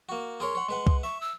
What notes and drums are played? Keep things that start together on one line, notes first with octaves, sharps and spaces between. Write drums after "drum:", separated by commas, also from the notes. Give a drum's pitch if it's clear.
A#3 F#4
G#4 A#4 C#5 C6
C#5 F#5
G#3 B4 F#5
drum: kick C2
E5 C#6
E6